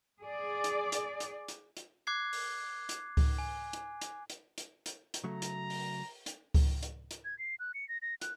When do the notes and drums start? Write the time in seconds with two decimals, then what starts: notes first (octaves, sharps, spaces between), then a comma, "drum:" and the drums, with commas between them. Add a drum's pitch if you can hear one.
0.21 G#4 D5
0.64 drum: hi-hat
0.92 drum: hi-hat
1.20 drum: hi-hat
1.48 drum: hi-hat
1.77 drum: hi-hat
2.07 D6 F#6 G#6 C7
2.33 drum: open hi-hat
2.89 drum: hi-hat
3.17 drum: kick C#2, open hi-hat
3.38 G#5
3.73 drum: hi-hat
4.01 drum: hi-hat
4.30 drum: hi-hat
4.58 drum: hi-hat
4.86 drum: hi-hat
5.14 drum: hi-hat
5.24 C#3 F#3 A3 A#5
5.42 drum: hi-hat
5.70 drum: open hi-hat
6.26 drum: hi-hat
6.54 drum: kick C#2, open hi-hat
6.83 drum: hi-hat
7.11 drum: hi-hat
7.25 G#6
7.39 C7
7.60 F#6
7.74 C#7
7.89 A#6
8.02 A#6
8.21 F#6, drum: hi-hat